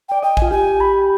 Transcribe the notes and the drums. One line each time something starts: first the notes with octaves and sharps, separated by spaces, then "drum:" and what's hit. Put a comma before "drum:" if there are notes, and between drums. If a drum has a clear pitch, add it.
D5 G5
D#5 G5
F4 G#5, drum: kick A#1
G4 G#5
B5